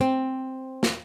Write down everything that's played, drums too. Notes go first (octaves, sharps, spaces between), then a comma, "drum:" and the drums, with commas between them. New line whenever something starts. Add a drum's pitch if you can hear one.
C4
drum: snare